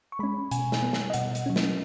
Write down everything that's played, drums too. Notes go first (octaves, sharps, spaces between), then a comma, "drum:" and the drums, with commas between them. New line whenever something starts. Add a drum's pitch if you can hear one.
C#6
G#3 C#4 B5
B2 G#5, drum: hi-hat
drum: snare
B3
drum: snare
D#5
B2 F#5, drum: hi-hat
drum: hi-hat
F#3 C#4
drum: snare